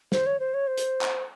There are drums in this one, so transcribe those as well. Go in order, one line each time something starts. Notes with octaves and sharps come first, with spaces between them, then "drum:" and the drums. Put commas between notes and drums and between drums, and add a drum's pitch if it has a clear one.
C5, drum: snare
C#5
C5
C#5
C5
drum: hi-hat
drum: clap